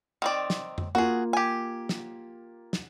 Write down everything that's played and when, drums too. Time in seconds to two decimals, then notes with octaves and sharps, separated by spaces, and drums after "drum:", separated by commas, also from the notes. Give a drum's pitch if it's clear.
0.22 D#3 C4 D5
0.50 drum: snare
0.78 drum: tom F2
0.95 A#3 F4 F#4 G#4
1.33 G4 G#5
1.89 drum: snare
2.73 drum: snare